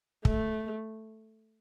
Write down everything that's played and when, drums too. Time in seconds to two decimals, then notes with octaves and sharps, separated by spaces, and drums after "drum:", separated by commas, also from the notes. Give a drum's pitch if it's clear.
0.25 A3, drum: kick